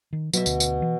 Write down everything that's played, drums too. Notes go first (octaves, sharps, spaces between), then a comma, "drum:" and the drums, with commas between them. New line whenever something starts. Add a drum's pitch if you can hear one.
D#3
B2 F#3 E5, drum: tambourine
D2, drum: tambourine
drum: tambourine
E3